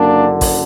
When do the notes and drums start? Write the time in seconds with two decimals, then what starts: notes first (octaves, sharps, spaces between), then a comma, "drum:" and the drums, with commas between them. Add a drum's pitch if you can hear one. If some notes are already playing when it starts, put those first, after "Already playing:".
Already playing: F#1 F#2 D3 A#3 D4
0.41 drum: kick A1, open hi-hat